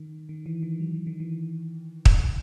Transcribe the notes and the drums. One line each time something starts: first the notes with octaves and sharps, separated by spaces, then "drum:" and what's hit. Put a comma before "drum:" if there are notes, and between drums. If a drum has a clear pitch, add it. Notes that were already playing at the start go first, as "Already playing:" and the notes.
Already playing: D#3
D#3
E3
D#3
F#3
E3
D#3
E3
drum: kick